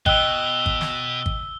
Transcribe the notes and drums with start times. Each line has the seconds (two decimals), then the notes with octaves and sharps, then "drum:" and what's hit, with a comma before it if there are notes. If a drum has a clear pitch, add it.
0.06 B2 D#5 G5 E6 F#6 G7, drum: kick G#1
0.66 drum: kick G#1
0.81 drum: snare
1.26 drum: kick G#1